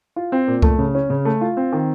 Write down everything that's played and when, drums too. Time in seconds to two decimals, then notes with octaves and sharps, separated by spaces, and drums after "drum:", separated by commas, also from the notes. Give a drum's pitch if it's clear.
0.16 F4
0.32 C4
0.47 A#2
0.62 A3, drum: kick C#2
0.79 C#3
0.95 C#4
1.10 C#3
1.25 A3
1.41 F4
1.57 C4
1.72 D#3